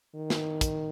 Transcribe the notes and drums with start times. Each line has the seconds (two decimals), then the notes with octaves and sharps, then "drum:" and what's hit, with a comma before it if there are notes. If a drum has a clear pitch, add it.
0.15 D#3
0.30 drum: snare
0.61 drum: kick, hi-hat